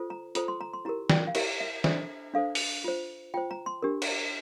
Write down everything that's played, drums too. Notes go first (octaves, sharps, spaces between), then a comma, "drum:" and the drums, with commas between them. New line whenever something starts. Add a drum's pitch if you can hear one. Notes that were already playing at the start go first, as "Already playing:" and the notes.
Already playing: F4 A4 C5
A#5
F4 A4 C5 A#5, drum: hi-hat
C6
A#5
C6
E4 G4 A#4 A#5
G5, drum: snare
F5
E4 G4 A#4 E5, drum: cymbal
E5
D4 A4 C5 E5, drum: snare
D4 A4 C5 F5
drum: open hi-hat
F4 C5
F4 C5 G5
A#5
C6
D4 G4 A#4
drum: cymbal